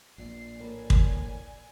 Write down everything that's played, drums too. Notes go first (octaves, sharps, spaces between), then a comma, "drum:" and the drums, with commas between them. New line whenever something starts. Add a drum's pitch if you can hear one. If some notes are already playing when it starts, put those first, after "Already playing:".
A#1 A#2 D5 C7
A2 A#3 G#5
drum: kick